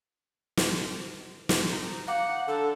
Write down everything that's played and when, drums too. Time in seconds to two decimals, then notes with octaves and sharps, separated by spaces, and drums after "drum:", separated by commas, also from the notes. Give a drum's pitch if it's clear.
0.57 drum: snare
1.49 drum: snare
1.72 D#4
2.08 D#4 F5 F#5 D6
2.48 D3 A4